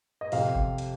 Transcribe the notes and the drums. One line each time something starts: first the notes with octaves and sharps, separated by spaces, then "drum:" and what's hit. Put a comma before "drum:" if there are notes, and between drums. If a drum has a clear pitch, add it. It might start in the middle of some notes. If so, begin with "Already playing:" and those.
D#5
F2 C3 F3 F5, drum: open hi-hat
drum: kick G1
drum: hi-hat